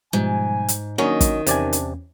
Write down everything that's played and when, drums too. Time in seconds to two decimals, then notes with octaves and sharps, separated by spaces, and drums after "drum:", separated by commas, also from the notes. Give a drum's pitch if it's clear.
0.13 G#2 B2 F3 G3 G#5
0.68 drum: hi-hat
0.98 D#3 F#3 A#3 C#4 D4 D#5
1.21 drum: kick, hi-hat
1.47 E2 C3 C#4 D4 D5 G#5, drum: hi-hat
1.73 drum: hi-hat